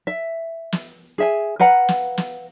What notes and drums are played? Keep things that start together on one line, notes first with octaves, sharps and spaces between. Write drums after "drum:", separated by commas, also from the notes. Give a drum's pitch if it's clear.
E5
drum: snare
G#4 E5 G#5
B4 F5 F#5 A#5
drum: snare
drum: snare